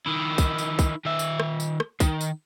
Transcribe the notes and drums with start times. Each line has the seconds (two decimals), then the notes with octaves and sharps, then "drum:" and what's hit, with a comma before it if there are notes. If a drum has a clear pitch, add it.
0.06 D#3 E4
0.38 drum: kick, tambourine
0.58 drum: tambourine
0.79 drum: kick, tambourine
1.05 D#3 E5
1.19 drum: tambourine
1.40 drum: rim click
1.60 drum: tambourine
1.80 drum: rim click
2.00 D#3, drum: kick, tambourine
2.21 drum: tambourine